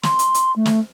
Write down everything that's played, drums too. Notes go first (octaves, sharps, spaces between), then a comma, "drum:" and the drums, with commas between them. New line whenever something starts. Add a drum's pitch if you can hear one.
C6, drum: snare
drum: hi-hat
drum: hi-hat
A3
drum: snare